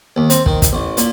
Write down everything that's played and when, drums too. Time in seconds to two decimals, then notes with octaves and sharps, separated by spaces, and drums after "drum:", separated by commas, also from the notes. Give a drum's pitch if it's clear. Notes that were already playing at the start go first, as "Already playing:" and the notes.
0.16 D#2
0.30 C4, drum: hi-hat
0.46 D#3, drum: kick
0.62 drum: kick, hi-hat
0.73 A1
0.97 A#2, drum: hi-hat